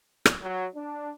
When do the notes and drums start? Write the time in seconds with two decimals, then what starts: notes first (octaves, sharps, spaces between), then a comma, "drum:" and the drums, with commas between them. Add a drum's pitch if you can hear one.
0.26 drum: rim click
0.42 F#3
0.75 D4